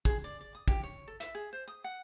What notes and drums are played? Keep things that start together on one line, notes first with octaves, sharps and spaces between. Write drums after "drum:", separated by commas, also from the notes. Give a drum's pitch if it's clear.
G#4, drum: kick
D5
D5
D#6
G4, drum: kick
C#5
A4
E5, drum: hi-hat
G#4
C5
D#6
F#5